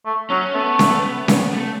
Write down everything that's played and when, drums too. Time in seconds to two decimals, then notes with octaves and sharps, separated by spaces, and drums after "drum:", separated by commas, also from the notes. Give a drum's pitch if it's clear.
0.05 A3
0.30 F#3 C#4
0.54 A3 B3
0.79 drum: snare C#4
1.28 drum: snare C#4
1.53 A3